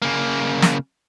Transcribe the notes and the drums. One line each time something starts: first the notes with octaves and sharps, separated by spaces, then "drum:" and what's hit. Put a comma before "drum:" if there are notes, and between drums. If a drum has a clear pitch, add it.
C#3 A#3
drum: snare